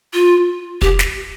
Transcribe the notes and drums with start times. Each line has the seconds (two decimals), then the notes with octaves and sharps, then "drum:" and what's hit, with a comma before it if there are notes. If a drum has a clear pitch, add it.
0.14 F4
0.82 G4, drum: kick
0.99 drum: snare